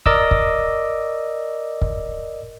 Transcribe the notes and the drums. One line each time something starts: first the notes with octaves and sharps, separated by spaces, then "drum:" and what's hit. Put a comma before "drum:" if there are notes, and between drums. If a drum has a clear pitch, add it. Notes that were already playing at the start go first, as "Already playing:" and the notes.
A#4 D5 D#5 D6 E6, drum: kick
drum: kick
drum: kick